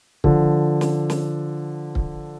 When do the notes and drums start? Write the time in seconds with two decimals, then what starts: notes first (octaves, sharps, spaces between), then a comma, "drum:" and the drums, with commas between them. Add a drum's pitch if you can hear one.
0.24 D3 F3, drum: kick C#1
0.81 drum: snare
1.10 drum: snare
1.95 drum: kick C#1